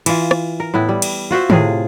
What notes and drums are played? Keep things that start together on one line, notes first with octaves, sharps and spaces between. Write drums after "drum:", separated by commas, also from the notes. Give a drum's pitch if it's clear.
E3 F4, drum: cymbal
drum: rim click
A#4
A2 B3 E4
G3
drum: cymbal
F4 F#4 C5 E5
A2 C3 F4 G#4, drum: tom